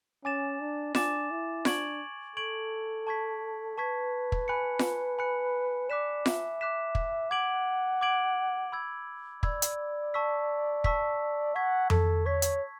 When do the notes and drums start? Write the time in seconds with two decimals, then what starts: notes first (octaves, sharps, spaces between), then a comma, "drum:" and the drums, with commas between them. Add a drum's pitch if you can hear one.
0.24 C#4 G#5 D6 A6 E7
0.60 D4
0.95 D4 G#5 D6 A6 E7, drum: snare F4
1.31 E4
1.65 D4 C#6 G#6 D7 F#7, drum: snare F4
2.36 A4 C#6 G#6 D7 F#7
3.07 A5 C#6 G#6 B6
3.78 B4 A5 C#6 G#6 B6
4.32 drum: kick
4.48 G#5 B5 F#6 C#7
4.79 drum: snare F4
5.18 G#5 B5 F#6 C#7
5.89 D5 D6 F#6 B6 E7
6.26 E5, drum: snare F4
6.61 D6 F#6 B6 E7
6.95 drum: kick
7.30 F#5 D6 G#6 D7 F#7
8.01 D6 G#6 D7 F#7
8.72 B5 E6 G#6
9.43 D5 B5 E6 G#6, drum: kick
9.62 drum: hi-hat
10.14 A5 C#6 E6 B6
10.84 A5 C#6 E6 B6, drum: kick
11.55 F#5 C#6 G#6 B6
11.90 A4, drum: tom F2
12.26 C#5 C#6 G#6 B6
12.42 drum: hi-hat